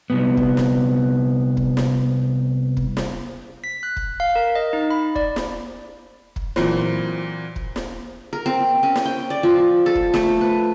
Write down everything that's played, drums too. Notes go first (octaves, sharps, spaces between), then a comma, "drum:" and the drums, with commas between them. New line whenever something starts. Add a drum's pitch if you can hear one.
C2 G2 B3
drum: kick
drum: snare
drum: kick
drum: snare
drum: kick
drum: snare
B6
F#6
drum: kick
F5
A#4
D#5
D#4
B5
D5, drum: kick
drum: snare
drum: kick
A#2 E3 F#3 C4, drum: snare
drum: kick
drum: snare
A#4
C4
C#4
drum: snare
G5
D5
F3
A4
drum: kick
A3, drum: snare
B4